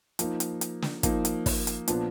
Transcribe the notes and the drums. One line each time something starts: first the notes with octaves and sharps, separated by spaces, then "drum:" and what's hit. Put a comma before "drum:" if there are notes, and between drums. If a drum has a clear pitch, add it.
F3 A#3 D#4, drum: hi-hat
drum: hi-hat
drum: hi-hat
drum: snare
F3 A#3 D#4, drum: kick, hi-hat
drum: hi-hat
drum: kick, open hi-hat
drum: hi-hat
A#2 F3 B3 D4, drum: hi-hat